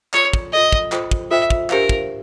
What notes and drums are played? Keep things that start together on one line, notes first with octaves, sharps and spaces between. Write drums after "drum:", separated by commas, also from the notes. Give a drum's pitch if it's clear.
F4 A4 C#5 D5, drum: clap
drum: kick
F4 A4 D5 D#5
drum: kick
F4 A4 C5 D#5 G5, drum: clap
drum: kick
F4 A4 C5 D#5 E5 G5
drum: kick
D4 G4 A#4 C5 F5, drum: clap
drum: kick